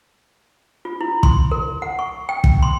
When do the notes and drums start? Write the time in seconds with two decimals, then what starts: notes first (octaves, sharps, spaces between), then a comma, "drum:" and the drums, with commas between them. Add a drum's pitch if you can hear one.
0.85 F4
1.01 E4
1.23 C6, drum: kick
1.51 A#4
1.82 F#5
1.99 C#6
2.29 G5
2.44 drum: kick
2.62 C6